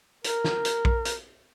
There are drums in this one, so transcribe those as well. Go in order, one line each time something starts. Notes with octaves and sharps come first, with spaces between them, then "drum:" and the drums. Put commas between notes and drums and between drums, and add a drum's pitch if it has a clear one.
A#4, drum: hi-hat
drum: snare
drum: hi-hat
drum: kick A#1
drum: hi-hat